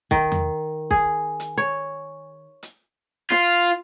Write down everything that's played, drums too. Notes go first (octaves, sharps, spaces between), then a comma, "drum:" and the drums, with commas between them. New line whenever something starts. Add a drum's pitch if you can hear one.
D#3, drum: kick
drum: tom E2
G#4, drum: kick
drum: hi-hat
C#5
drum: hi-hat
F4, drum: snare